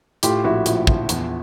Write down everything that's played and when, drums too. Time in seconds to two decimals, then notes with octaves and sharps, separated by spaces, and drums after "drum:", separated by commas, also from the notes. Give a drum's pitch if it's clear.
0.23 A2 F4 G4, drum: hi-hat
0.44 A#1 E4 F#4
0.66 A#1, drum: hi-hat
0.87 F3, drum: kick
1.09 E2, drum: hi-hat